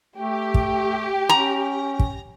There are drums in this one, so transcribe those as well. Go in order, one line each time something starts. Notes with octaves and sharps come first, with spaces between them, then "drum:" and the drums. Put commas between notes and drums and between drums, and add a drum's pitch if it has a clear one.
A3 G4
drum: kick
C#4 A#5
drum: kick